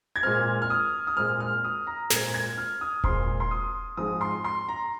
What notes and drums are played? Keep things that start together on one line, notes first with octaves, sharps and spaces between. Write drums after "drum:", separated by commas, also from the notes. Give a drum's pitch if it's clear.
G#6
A#2 G#3 C4 F6
F6
D#6
D#6
A#2 G#3 C4 F6
F6
D#6
A#5
A#2 G#3 C4 G#6, drum: snare
G#6
F6
D#6
A#2 G#3 C4 C6, drum: kick E1
C6
D#6
G#2 F3 G#3 C4 D#6
C6
C6
A#5